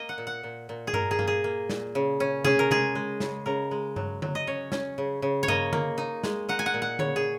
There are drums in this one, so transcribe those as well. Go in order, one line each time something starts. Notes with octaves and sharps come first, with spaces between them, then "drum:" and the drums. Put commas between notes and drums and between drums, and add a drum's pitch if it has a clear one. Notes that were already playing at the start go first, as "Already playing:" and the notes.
Already playing: A#3 D#5
F#5
A#2
F#5
A#2
A#2
G#4
A#2 A#4, drum: tom G2
G#4
A#3, drum: tom G2
G#4
A#3
A#2, drum: snare
C#3
C#4
C#4 G#4, drum: tom C3
A#4
G#3 G#4, drum: tom C3
G#3
C#3, drum: snare
C#3 A#4
G#3
F#3, drum: tom G2
F#3, drum: tom D3
D#5
C#4 C#5
C#4, drum: snare
C#3
C#3
C#5
A#3 D#5, drum: tom G2
A#3, drum: tom D3
D#4
G#3, drum: snare
D#4 F#5
G#5
F#5
A#2
F#5
C#3 C#5, drum: tom D3
G#4